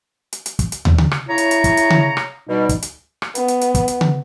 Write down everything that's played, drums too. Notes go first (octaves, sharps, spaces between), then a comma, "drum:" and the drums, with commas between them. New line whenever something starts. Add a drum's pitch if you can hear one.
drum: hi-hat
drum: hi-hat
drum: kick, hi-hat
drum: hi-hat
drum: tom
drum: tom C#3
drum: rim click
C#3 E4 C#5 A#5
drum: hi-hat
drum: hi-hat
drum: kick, hi-hat
drum: hi-hat
drum: tom C#3
drum: rim click
B2 G3 D#4
drum: kick, hi-hat
drum: hi-hat
drum: rim click
B3, drum: hi-hat
drum: hi-hat
drum: hi-hat
drum: kick, hi-hat
drum: hi-hat
drum: tom C#3